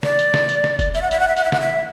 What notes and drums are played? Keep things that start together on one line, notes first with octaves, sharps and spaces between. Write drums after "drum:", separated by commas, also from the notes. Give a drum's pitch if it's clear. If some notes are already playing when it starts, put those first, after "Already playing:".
D5, drum: snare
drum: tambourine
drum: snare
drum: tambourine
drum: snare
drum: kick F1, tambourine
E5, drum: tambourine
F#5
E5, drum: tambourine
F#5
E5
F#5, drum: tambourine
E5
F#5, drum: snare
E5